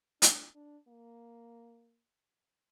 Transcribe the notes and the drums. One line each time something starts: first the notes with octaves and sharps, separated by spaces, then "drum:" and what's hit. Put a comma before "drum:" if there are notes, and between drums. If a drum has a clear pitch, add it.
D4, drum: hi-hat
D4
A#3